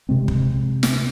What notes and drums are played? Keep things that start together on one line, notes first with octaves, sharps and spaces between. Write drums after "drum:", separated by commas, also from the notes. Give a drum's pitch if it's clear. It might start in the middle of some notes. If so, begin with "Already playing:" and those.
C3 G#3 C4
drum: kick
drum: snare